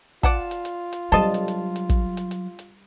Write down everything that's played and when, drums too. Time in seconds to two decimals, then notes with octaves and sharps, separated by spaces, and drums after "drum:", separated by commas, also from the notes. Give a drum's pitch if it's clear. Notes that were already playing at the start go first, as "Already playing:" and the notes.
0.23 F4 D5 F#5 A5, drum: kick, hi-hat
0.51 drum: hi-hat
0.65 drum: hi-hat
0.93 drum: hi-hat
1.12 F#3 G3 A4 C5 D#5 A5
1.34 drum: hi-hat
1.48 drum: hi-hat
1.76 drum: hi-hat
1.89 drum: kick, hi-hat
2.17 drum: hi-hat
2.31 drum: hi-hat
2.59 drum: hi-hat